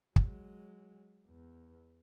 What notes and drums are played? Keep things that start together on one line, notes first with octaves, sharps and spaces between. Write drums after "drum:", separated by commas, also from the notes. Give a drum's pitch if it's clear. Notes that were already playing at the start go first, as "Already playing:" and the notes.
F#3 G#3, drum: kick
E2